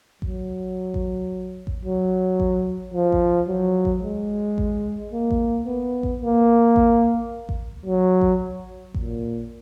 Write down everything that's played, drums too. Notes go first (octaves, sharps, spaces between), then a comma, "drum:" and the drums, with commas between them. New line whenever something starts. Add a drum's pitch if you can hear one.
F#3, drum: kick A1
drum: kick A1
drum: kick A1
F#3
drum: kick A1
F3
drum: kick A1
F#3
drum: kick A1
G#3
drum: kick A1
A#3
drum: kick A1
B3
drum: kick A1
A#3
drum: kick A1
drum: kick A1
F#3
drum: kick A1
A#2, drum: kick A1